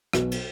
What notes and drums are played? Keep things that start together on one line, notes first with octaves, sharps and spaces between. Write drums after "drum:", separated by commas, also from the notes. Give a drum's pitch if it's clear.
B1 B2 F#3, drum: rim click
drum: cymbal